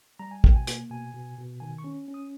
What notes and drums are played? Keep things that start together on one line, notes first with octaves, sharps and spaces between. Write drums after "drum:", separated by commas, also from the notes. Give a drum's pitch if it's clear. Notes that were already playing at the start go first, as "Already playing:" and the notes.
G3 A#5
G#5
B2 G5, drum: kick
G#5
A#3, drum: hi-hat
B2 G#5
B2
B2
D#3 G#5
C#6
C#4
C#4
D#6